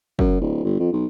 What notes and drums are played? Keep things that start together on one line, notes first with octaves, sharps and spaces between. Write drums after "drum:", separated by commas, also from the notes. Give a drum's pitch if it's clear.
F#2, drum: kick
D1
G1
F2
B1